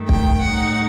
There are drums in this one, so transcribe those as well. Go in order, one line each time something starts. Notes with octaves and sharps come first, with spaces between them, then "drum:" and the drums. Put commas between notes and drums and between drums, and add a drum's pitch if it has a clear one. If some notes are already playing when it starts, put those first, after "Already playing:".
Already playing: G2 D#3 A3
G5, drum: kick
A2 G3 D#4 F#5